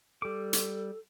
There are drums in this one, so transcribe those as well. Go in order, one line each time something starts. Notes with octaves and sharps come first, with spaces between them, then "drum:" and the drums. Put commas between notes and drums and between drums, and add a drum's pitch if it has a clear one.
G3 A4 D6
drum: hi-hat